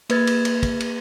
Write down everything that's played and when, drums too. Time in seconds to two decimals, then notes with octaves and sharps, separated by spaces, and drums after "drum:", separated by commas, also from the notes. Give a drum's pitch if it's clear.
0.10 A#3 B4 G#6 A6, drum: cymbal
0.27 drum: cymbal
0.45 drum: cymbal
0.63 drum: kick, cymbal
0.80 drum: cymbal